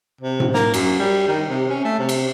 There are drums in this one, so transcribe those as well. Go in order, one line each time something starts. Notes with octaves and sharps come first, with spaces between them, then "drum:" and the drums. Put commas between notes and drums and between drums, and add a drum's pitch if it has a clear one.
C3
drum: tom A2
A#3, drum: snare
F#2, drum: cymbal
G3
D#3
C3
C#4
A3
C3
drum: cymbal